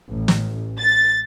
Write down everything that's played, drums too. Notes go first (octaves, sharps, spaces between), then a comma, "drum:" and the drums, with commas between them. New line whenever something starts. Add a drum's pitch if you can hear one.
A1
drum: snare
A6